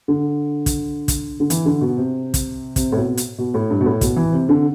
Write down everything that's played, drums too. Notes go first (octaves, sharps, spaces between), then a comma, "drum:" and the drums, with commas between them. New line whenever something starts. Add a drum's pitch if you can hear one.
D3
drum: kick, hi-hat
drum: kick, hi-hat
D3
E3, drum: hi-hat
D3
B2
C3
drum: kick, hi-hat
C3, drum: kick, hi-hat
A2
B2
drum: hi-hat
B2
A2
G2
B2
A2
B2, drum: kick, hi-hat
E3
C3
D3